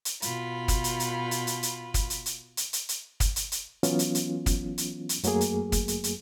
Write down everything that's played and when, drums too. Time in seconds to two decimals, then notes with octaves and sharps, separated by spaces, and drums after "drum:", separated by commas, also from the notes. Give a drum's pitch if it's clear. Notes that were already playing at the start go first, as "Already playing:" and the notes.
0.05 drum: hi-hat
0.22 B2 F4 B5, drum: hi-hat
0.68 drum: kick, hi-hat
0.84 drum: hi-hat
1.00 drum: hi-hat
1.31 drum: hi-hat
1.47 drum: hi-hat
1.63 drum: hi-hat
1.94 drum: kick, hi-hat
2.10 drum: hi-hat
2.26 drum: hi-hat
2.57 drum: hi-hat
2.73 drum: hi-hat
2.89 drum: hi-hat
3.20 drum: kick, hi-hat
3.36 drum: hi-hat
3.52 drum: hi-hat
3.83 E3 F#3 B3 C#4 F4, drum: hi-hat
3.99 drum: hi-hat
4.15 drum: hi-hat
4.46 drum: kick, hi-hat
4.78 drum: hi-hat
5.09 drum: hi-hat
5.23 F#2 F#3 A3 A#3 G#4, drum: hi-hat
5.41 drum: hi-hat
5.72 drum: kick, hi-hat
5.88 drum: hi-hat
6.04 drum: hi-hat